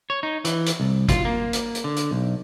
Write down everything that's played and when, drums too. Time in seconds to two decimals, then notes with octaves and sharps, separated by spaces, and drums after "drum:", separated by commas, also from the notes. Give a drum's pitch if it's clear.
0.10 C#5
0.23 D#4
0.45 E3, drum: hi-hat
0.66 drum: hi-hat
0.80 C2
1.09 F4, drum: kick, hi-hat
1.25 A#3
1.53 drum: hi-hat
1.75 drum: hi-hat
1.84 D3
1.96 drum: hi-hat
2.11 B1